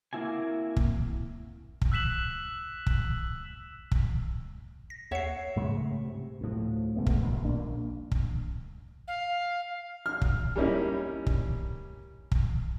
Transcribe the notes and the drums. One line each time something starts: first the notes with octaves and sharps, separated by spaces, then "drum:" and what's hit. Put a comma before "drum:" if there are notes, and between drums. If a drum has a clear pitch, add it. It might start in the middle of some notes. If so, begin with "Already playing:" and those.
A#3 C4 E4 F#4 G#5
drum: kick
drum: kick
E6 F#6 B6 E7 F#7
drum: kick
drum: kick
A#6
D#2 C#5 E5 F#5 C7
G#2 C#3 G#3 A3
C3
D2 A2 F3
D3 G#3 A3 B3
drum: kick
G#1 G2 A#2 D#3
A#1 A#3 D4
drum: kick
F5
F6
drum: kick
G3 A#3 C#4 D#4 E4
drum: kick
drum: kick